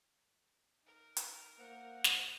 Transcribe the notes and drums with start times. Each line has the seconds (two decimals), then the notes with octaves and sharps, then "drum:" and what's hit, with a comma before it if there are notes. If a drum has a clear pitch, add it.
0.83 D#4 A#4
1.17 drum: hi-hat
1.59 A#3 C5 F#5
2.04 drum: snare